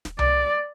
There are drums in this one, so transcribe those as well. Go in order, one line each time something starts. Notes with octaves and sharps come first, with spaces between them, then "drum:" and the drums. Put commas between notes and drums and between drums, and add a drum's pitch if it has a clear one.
drum: snare
D5, drum: tom C2